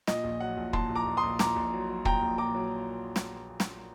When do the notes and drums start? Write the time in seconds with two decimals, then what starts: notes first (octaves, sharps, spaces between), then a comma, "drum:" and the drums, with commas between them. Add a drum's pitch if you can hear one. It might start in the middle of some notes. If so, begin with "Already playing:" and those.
0.07 A#2 D#5, drum: snare
0.24 A#1
0.40 F#3 F#5
0.57 A#1
0.73 A#2 A5 C6, drum: kick
0.90 A#1
0.95 A#5 D6
1.06 A#1
1.17 C6 D#6
1.23 A#1
1.39 A#1 A#5 D6, drum: snare
1.56 A#1
1.73 F#3
1.89 F#3
2.05 A#2 G5 A#5, drum: kick
2.22 A#1
2.38 A#2 A#5 D6
2.55 F#3
3.16 drum: snare
3.60 drum: snare